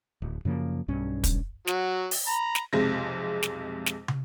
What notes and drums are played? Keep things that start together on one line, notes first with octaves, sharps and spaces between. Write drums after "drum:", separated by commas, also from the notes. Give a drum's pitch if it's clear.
D1
F#2 C#3 F3 A#3
B1 G2 C#4
drum: kick, hi-hat
F#3 F#4, drum: snare
drum: open hi-hat
A#5 B5
drum: snare
B1 F2 C3 G#3 A#6
drum: snare
drum: snare
drum: tom